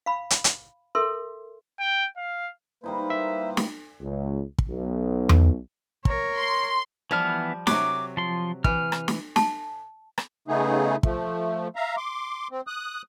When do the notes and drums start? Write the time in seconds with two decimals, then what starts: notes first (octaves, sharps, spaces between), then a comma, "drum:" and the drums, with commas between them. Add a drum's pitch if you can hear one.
0.06 F5 B5
0.30 drum: hi-hat
0.44 drum: hi-hat
0.95 A4 A#4 E5 C6
1.80 G5
2.17 F5
2.84 G3 A#3 D#4 E4 B4 C5
3.10 E5
3.57 drum: snare
4.02 C#2
4.58 drum: kick
4.69 B1
5.29 drum: tom E2
6.05 A#4 C#5, drum: kick
6.36 C6
7.11 E3 F3 G3 B3 F6
7.67 C3 F#3 D6, drum: snare
8.17 F3 C6
8.64 E3 F6, drum: kick
8.92 drum: rim click
9.08 drum: snare
9.36 A5, drum: snare
10.18 drum: rim click
10.48 C#3 A3 B3 D#4 G#4
11.03 F3 A3, drum: kick
11.76 E5 F5 A#5
11.97 C6 D6
12.51 C4
12.67 D#6 F#6